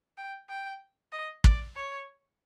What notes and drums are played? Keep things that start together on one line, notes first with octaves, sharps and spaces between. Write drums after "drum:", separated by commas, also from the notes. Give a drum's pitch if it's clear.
G5
G5
D#5
D5, drum: kick
C#5